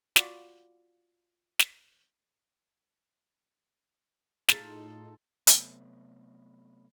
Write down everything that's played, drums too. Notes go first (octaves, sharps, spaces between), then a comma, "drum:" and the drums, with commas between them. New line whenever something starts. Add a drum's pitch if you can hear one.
F4 F#4 D5 B5 D6, drum: snare
drum: snare
A2 D#4 F4 G#4 A4 A#5 G6 A6, drum: snare
C3 F#3 A3 B3, drum: hi-hat